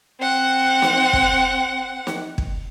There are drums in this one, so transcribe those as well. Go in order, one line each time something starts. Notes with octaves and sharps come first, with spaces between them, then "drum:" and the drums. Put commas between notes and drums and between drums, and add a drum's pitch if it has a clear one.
C4 F#5
drum: snare
drum: kick
drum: snare
drum: kick